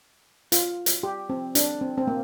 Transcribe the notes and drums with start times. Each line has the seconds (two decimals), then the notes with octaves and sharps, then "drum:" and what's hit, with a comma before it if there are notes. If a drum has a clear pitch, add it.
0.52 F4, drum: hi-hat
0.86 drum: hi-hat
1.03 G4
1.30 C4
1.55 D4, drum: hi-hat
1.81 C4
1.98 C4
2.07 A#3